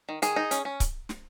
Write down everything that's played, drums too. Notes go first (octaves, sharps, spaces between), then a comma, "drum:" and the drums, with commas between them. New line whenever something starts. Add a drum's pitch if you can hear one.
D#3
D#3 G#4, drum: hi-hat
D#4
C#4, drum: hi-hat
C#4
drum: kick C#1, hi-hat
drum: snare